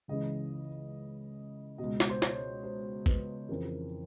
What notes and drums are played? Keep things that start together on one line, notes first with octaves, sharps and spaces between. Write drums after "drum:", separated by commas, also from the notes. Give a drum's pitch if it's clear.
C#2 C#3 E3 D#5
C#2 B2 D#5
drum: snare
C5
C#5, drum: snare
C5
B4, drum: kick
F2 C#3 E3 A#4
A#4